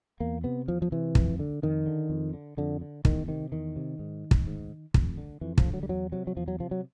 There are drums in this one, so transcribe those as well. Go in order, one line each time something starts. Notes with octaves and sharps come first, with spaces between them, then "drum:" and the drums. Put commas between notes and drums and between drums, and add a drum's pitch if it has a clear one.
E2 A#3
C3 B3
E2 F3
F3
C3 E3
F2, drum: kick
D3
F2 D#3
D3
F2
D3
F2 D3
D3
E2 D#3, drum: kick
C3 D#3
E2 D#3
C3
G#2
drum: kick
G#2
F2, drum: kick
D3
F2 E3
F3, drum: kick
D3
F#3
G3
E2 F#3
C3 F#3
F#3
E2 F3
F#3
C3 F3
F#3